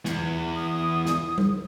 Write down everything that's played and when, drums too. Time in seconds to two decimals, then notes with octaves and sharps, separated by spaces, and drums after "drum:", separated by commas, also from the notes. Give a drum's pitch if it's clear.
0.05 E2, drum: snare
0.56 D#6
1.06 drum: snare
1.38 drum: tom G3